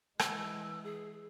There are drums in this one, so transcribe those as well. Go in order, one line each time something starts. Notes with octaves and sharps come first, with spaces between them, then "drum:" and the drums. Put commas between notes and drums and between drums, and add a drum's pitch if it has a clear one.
E3 G#3 E6, drum: rim click
G#4